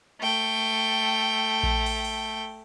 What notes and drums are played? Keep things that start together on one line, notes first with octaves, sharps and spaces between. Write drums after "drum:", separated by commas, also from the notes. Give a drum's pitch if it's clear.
A3 G5
drum: kick A#1
drum: cymbal
drum: cymbal